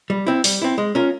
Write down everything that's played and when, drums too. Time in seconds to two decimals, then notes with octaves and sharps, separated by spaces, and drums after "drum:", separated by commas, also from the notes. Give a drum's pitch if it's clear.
0.10 G3
0.27 C4 E4
0.44 G3, drum: open hi-hat
0.62 C4 E4
0.78 G#3
0.95 C#4 F4 A#4